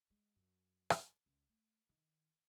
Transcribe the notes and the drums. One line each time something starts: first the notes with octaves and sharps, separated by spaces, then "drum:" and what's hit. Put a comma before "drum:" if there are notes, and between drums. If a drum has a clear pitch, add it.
G#3
F#2
drum: rim click
C#2
A3
D#3